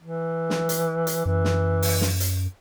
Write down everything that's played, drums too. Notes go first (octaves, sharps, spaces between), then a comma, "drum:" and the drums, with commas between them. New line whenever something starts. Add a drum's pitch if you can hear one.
E3
drum: snare
drum: hi-hat
drum: hi-hat
F#2 E3
drum: snare
drum: open hi-hat
drum: snare
drum: hi-hat